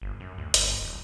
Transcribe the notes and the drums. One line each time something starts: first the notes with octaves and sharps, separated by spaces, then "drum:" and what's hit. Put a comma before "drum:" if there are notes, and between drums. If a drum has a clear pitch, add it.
G1
F#2
D2
G1, drum: hi-hat
D#1